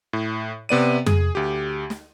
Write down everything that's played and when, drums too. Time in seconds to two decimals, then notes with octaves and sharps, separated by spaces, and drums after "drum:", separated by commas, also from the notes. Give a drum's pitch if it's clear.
0.13 A2
0.69 C3 B3 D5 D#7
1.06 G#4, drum: tom F2
1.35 D2 G4
1.90 drum: snare